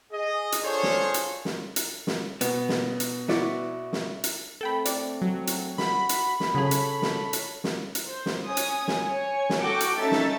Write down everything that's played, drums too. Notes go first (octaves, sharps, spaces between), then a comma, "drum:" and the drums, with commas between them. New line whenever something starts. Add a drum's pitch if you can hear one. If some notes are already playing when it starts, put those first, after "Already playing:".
G#4 D#5
drum: hi-hat
D4 F4 G#4 A4 C5 C#5
drum: snare
drum: hi-hat
drum: snare
drum: hi-hat
drum: snare
B2 B3, drum: hi-hat
drum: snare
drum: hi-hat
E4 F#4 D5, drum: snare
drum: snare
drum: hi-hat
A3 C4 A4 G5 B5
D5, drum: hi-hat
F#3
drum: hi-hat
F#4 F#5 B5, drum: snare
drum: hi-hat
drum: snare
C#3 F#3 G#4 A4 C#5
drum: hi-hat
drum: snare
drum: hi-hat
drum: snare
drum: hi-hat
C5
drum: snare
C#4 G#5 D#6
drum: hi-hat
drum: snare
C#5 G#5
drum: snare
F#4 A4 G5 C#6 D6
drum: hi-hat
A3 C#4 D#4 A4 E5 A6
drum: snare